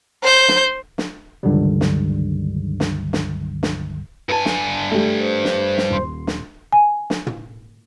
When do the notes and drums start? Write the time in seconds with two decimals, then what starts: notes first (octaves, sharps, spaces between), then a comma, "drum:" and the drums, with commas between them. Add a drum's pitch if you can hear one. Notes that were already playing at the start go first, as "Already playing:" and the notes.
0.23 C5 G6
0.48 drum: snare
0.98 drum: snare
1.43 C#2 G2 D3 D#3 F#3 G3
1.81 drum: snare
2.80 drum: snare
3.13 drum: snare
3.63 drum: snare
4.29 G2 B4 G#5 A5
4.45 drum: snare
4.91 G3 A3
5.19 C5
5.45 drum: snare
5.78 drum: snare
5.90 D#1 C6
6.27 drum: snare
6.73 G#5
7.10 drum: snare
7.27 drum: tom